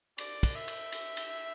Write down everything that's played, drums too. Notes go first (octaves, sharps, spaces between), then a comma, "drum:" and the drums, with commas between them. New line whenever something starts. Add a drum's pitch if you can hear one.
D5, drum: cymbal
drum: kick, cymbal
E5
drum: cymbal
drum: cymbal
drum: cymbal